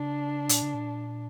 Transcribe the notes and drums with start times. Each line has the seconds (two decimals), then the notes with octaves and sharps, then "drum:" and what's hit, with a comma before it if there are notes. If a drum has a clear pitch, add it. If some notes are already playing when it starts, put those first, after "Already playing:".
Already playing: C#3 D4
0.49 A#2, drum: hi-hat
0.62 C#3
0.74 A#2